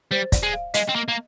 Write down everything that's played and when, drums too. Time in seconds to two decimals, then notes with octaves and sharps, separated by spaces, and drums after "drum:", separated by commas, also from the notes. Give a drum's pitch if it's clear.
0.11 G3 C5
0.32 D5, drum: kick, hi-hat
0.43 G#3
0.53 F5
0.74 G#3 D#5, drum: hi-hat
0.89 C4
0.95 A#3
1.08 A#3